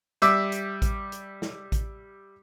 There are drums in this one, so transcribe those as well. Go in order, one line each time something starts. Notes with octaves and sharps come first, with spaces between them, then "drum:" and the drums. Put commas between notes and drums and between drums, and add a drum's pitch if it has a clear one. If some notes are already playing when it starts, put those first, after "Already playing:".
G3 E5 D6 E6, drum: hi-hat
drum: hi-hat
drum: kick A1, hi-hat
drum: hi-hat
drum: snare
drum: kick A1, hi-hat